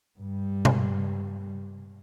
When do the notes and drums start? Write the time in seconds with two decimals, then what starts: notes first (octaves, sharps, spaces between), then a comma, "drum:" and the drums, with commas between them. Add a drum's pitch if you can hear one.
0.19 G2 G3
0.65 drum: tom B2